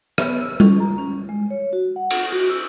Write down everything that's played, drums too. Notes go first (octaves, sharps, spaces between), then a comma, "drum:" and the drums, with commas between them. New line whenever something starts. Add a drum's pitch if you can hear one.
B3, drum: rim click
E6
C#4, drum: tom G3
A#5
C#4
G#3
C#5
F#4
F#5
drum: cymbal
F#4
E6